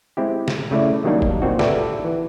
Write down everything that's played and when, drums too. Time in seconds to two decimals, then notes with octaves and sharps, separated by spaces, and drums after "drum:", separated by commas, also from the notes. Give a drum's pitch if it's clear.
0.17 G#3 C4 E4 G4
0.48 drum: snare
0.71 C#3 A3 E4 D5
1.04 D#3 F#3 G3 A#3 D4 D#4
1.22 drum: kick F1
1.42 A#2 C4 F#4
1.59 F#4 G4 A4 B4 D5 E5, drum: snare
2.05 E3